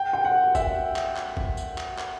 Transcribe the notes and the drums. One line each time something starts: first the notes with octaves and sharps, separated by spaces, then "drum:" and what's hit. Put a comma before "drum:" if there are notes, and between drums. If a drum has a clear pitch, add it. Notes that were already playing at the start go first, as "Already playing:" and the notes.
Already playing: G5
G5
F#5
E5, drum: kick G1, tambourine
drum: clap
drum: clap
drum: kick G1
drum: tambourine
drum: clap
drum: clap